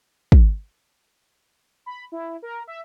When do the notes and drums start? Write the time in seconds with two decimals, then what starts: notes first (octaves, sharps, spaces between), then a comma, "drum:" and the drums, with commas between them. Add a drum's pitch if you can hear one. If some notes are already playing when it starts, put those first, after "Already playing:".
0.32 drum: kick
1.86 B5
2.12 E4
2.42 A#4
2.67 E5